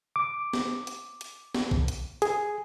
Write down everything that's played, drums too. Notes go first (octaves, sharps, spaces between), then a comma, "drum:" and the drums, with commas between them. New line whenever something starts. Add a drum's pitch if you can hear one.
D6
drum: snare
drum: hi-hat
drum: hi-hat
drum: snare
drum: kick A#1
drum: hi-hat
G#4, drum: hi-hat